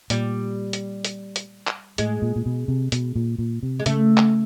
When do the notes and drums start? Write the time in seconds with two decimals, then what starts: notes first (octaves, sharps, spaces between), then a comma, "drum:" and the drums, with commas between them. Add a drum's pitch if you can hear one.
0.10 A#2 G3, drum: hi-hat
0.73 drum: hi-hat
1.05 drum: hi-hat
1.36 drum: hi-hat
1.67 drum: clap
1.98 A2 G#3, drum: hi-hat
2.22 A#2
2.36 A#2
2.46 B2
2.68 C3
2.92 B2, drum: hi-hat
3.16 A#2
3.38 A#2
3.63 C3
3.80 G#3
3.86 C#3 A3, drum: hi-hat
4.17 drum: clap